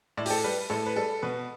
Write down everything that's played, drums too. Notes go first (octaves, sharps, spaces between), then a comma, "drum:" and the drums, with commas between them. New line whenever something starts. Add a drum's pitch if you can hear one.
A2 D5
G4, drum: open hi-hat
A4
G3 B4
A2 A4
B4
G3 A4
B2 B4